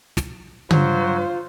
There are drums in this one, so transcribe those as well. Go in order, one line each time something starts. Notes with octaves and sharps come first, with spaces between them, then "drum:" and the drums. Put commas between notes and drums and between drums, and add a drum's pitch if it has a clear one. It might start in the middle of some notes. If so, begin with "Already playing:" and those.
drum: snare
G2 F#3 F4 C5, drum: tom C#3